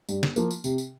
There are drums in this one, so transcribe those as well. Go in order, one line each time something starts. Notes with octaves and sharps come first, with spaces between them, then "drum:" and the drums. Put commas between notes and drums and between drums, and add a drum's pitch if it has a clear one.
G2, drum: tambourine
drum: snare
F3 A#3, drum: tambourine
drum: tambourine
C3, drum: tambourine
drum: tambourine